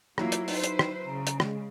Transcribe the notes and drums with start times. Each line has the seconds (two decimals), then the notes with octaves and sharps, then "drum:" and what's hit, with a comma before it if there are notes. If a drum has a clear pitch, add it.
0.18 F#3 A#3 E4 F4, drum: rim click
0.32 drum: hi-hat
0.48 D#4 B4 C5, drum: open hi-hat
0.64 drum: hi-hat
0.79 drum: rim click
1.06 C#3 A#5
1.27 drum: hi-hat
1.40 G#3, drum: rim click